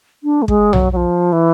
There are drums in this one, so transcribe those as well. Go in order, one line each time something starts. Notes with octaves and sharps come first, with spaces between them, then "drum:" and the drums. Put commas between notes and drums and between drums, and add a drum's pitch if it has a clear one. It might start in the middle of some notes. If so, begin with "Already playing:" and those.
D4
A3
G#3, drum: kick
F#3, drum: tom B1
F#3
F3
E3